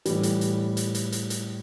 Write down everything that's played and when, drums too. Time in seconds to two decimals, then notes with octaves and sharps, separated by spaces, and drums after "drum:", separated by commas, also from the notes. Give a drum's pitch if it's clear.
0.05 A2 E3 G3, drum: hi-hat
0.23 drum: hi-hat
0.41 drum: hi-hat
0.77 drum: hi-hat
0.95 drum: hi-hat
1.12 drum: hi-hat
1.30 drum: hi-hat